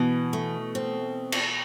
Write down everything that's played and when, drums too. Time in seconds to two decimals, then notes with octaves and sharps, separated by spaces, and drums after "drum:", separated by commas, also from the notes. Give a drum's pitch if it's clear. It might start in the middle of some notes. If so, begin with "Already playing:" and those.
Already playing: B2 E3
0.33 A3
0.75 C4
1.32 drum: cymbal